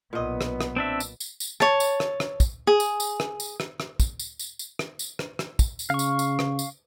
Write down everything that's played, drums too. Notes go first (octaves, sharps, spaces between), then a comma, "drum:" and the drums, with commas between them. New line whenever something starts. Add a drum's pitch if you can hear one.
B1 A#2 B3 D#5
drum: rim click
drum: rim click
C4 D4 E5
drum: tambourine
drum: tambourine
drum: tambourine
C#5 A5, drum: rim click
drum: tambourine
drum: rim click
drum: rim click
drum: kick, tambourine
G#4
drum: tambourine
drum: tambourine
drum: rim click
drum: tambourine
drum: rim click
drum: rim click
drum: kick, tambourine
drum: tambourine
drum: tambourine
drum: tambourine
drum: rim click
drum: tambourine
drum: rim click
drum: rim click
drum: kick, tambourine
drum: tambourine
C#3 F5 C#6
drum: tambourine
drum: tambourine
drum: rim click
drum: tambourine